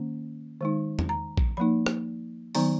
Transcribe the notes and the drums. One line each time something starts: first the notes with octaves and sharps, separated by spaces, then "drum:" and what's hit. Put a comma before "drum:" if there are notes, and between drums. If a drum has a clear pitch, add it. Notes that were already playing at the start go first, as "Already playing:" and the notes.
Already playing: D#3 A#3 C#4
D#3 G#3 D#4
drum: tom E2
A#5
drum: kick A#1
F3 A#3 D#4 B5
drum: rim click
D#3 F#3 B3 D#4 A#5, drum: open hi-hat